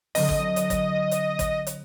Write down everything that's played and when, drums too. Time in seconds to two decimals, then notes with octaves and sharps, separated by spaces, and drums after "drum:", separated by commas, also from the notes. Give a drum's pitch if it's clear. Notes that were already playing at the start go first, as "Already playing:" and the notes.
0.15 D3 F#3 C4 D#5, drum: open hi-hat
0.29 drum: kick
0.56 drum: hi-hat
0.70 drum: kick, hi-hat
1.11 drum: hi-hat
1.39 drum: kick, hi-hat
1.67 drum: hi-hat